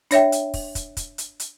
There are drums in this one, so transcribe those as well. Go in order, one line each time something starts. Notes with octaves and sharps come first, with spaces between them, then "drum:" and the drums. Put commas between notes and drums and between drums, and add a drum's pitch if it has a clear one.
D4 C#5 E5 G5, drum: hi-hat
drum: hi-hat
drum: kick, open hi-hat
drum: kick, hi-hat
drum: kick, hi-hat
drum: hi-hat
drum: hi-hat